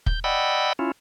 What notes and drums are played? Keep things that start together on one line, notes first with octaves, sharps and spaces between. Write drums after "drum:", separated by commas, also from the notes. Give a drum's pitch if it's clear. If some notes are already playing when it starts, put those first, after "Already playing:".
G6, drum: kick
D5 D#5 F#5 G5 B5 E6
C#4 E4 F4